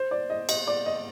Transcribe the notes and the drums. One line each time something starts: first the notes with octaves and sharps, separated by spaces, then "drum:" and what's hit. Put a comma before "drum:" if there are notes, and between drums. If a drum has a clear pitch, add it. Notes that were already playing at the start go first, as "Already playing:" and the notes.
Already playing: C5
D5
D#5
D#5, drum: cymbal
D5
D#5